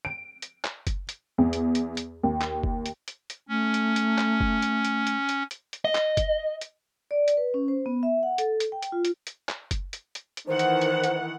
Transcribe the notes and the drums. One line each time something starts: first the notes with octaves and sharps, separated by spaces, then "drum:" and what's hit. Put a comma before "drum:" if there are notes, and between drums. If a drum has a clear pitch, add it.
D7
drum: hi-hat
drum: clap
drum: kick F#1, hi-hat
drum: hi-hat
E2
drum: hi-hat
drum: hi-hat
drum: hi-hat
D#2
drum: clap
drum: kick F#1
drum: hi-hat
drum: hi-hat
drum: hi-hat
A3 C#4
drum: hi-hat
drum: hi-hat
drum: clap
drum: kick F#1
drum: hi-hat
drum: hi-hat
drum: hi-hat
drum: hi-hat
drum: hi-hat
drum: hi-hat
D#5
drum: clap
drum: kick F#1, hi-hat
drum: hi-hat
D5
drum: hi-hat
B4
C#4
C5
B3
E5
F#5
A4, drum: hi-hat
drum: hi-hat
G5
drum: hi-hat
F4
drum: hi-hat
drum: hi-hat
drum: clap
drum: kick F#1, hi-hat
drum: hi-hat
drum: hi-hat
drum: hi-hat
D#3 E3 C5 F#5
drum: hi-hat
drum: hi-hat
drum: hi-hat